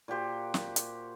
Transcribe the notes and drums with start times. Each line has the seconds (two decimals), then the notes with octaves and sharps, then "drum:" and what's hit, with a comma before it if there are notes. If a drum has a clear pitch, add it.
0.08 A#2 F#4 G4 C5
0.54 drum: snare
0.76 drum: hi-hat